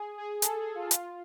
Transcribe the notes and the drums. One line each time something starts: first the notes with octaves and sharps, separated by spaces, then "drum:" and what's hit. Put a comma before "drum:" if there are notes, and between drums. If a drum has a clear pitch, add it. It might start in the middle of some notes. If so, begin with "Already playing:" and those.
Already playing: G#4
G#4
A4, drum: hi-hat
G#4
F4
F4, drum: hi-hat